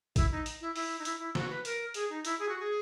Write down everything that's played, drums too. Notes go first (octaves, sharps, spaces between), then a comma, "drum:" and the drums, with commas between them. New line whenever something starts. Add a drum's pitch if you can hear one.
E4, drum: kick, hi-hat
D#4
drum: hi-hat
E4
E4, drum: open hi-hat
D#4
E4, drum: hi-hat
E4
F#4, drum: snare
B4
A#4, drum: hi-hat
G#4, drum: hi-hat
D#4
E4, drum: hi-hat
G#4
F#4
G#4